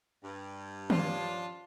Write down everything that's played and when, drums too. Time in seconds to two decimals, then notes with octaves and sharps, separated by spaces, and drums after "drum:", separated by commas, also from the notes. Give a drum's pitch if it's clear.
0.24 G2
0.90 F3 C#4 D4 F4 A5, drum: tom D#3